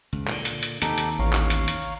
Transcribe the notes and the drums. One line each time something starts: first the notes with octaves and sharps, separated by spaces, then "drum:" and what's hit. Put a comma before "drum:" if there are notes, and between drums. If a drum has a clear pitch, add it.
C#2
A#2 D3, drum: clap
drum: hi-hat
drum: hi-hat
D#2 C3 D#4 G4 A4, drum: hi-hat
drum: hi-hat
A1 C#5 F5 A#5
drum: clap
drum: hi-hat
drum: hi-hat